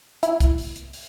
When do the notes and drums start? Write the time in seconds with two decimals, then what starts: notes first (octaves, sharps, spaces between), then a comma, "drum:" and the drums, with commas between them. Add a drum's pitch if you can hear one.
0.23 E4, drum: hi-hat
0.40 drum: kick C2, hi-hat
0.58 drum: open hi-hat
0.76 drum: hi-hat
0.93 drum: open hi-hat